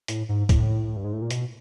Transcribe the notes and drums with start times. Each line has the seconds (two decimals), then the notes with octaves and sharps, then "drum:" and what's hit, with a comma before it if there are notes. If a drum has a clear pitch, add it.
0.08 A2, drum: hi-hat
0.29 G#2
0.49 A2, drum: kick, hi-hat
0.96 G2
1.04 G#2
1.13 A2
1.22 A#2
1.31 B2, drum: hi-hat